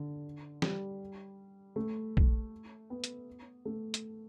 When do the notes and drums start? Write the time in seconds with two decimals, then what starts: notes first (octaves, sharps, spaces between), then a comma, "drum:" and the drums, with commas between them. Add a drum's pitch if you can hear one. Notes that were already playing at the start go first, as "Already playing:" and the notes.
Already playing: D3
0.62 G3, drum: snare E3
1.76 A3
2.17 drum: kick
2.90 B3
3.04 drum: hi-hat
3.65 A3
3.94 drum: hi-hat